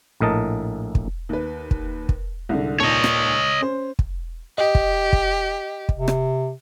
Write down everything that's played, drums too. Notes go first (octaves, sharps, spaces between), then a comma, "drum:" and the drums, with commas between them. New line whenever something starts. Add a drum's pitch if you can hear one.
A#1 A2 A#4 D#5 A5
drum: kick
D#2 B4
drum: kick
drum: kick
C2 G#2 D3
D#2 A#2 C#5 D#5 A5
drum: rim click
C#4 C5
drum: kick
G4 D#5
drum: kick
drum: kick
drum: kick
C3
drum: rim click